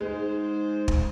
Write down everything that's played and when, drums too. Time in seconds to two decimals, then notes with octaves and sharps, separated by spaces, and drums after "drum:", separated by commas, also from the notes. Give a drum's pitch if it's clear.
0.01 G#2 G#3 C5
0.88 drum: kick